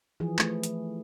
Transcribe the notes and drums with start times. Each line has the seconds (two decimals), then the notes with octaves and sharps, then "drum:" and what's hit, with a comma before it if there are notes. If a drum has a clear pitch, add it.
0.20 E3 F3 G#4
0.39 A3, drum: clap
0.63 drum: hi-hat